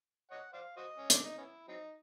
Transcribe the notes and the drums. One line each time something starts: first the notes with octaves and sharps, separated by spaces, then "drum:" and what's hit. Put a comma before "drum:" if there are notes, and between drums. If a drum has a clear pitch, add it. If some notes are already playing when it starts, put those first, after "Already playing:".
C#5 D#5 F#5
C5 D5 F5
F#4 C5 D#5
C#4
D4, drum: hi-hat
D#4
B3 C#4 E4
F#3 C4 D#4